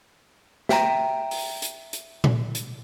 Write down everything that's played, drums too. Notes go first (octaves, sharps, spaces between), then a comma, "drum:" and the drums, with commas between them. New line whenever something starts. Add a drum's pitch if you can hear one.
E5 G5 A#5, drum: snare
drum: open hi-hat
drum: hi-hat
drum: hi-hat
drum: tom A#2
drum: hi-hat